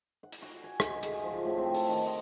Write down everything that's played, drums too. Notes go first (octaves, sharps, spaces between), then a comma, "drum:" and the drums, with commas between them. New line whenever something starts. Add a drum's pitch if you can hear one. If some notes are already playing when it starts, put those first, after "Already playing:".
F#5
drum: hi-hat
F#4
G#5
D#4, drum: rim click
G#4, drum: hi-hat
F3
A2
C4
A4, drum: open hi-hat
D#3
D#5